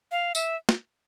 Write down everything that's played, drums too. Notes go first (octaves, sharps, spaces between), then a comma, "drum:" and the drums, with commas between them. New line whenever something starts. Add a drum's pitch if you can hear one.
F5
E5, drum: tambourine
drum: snare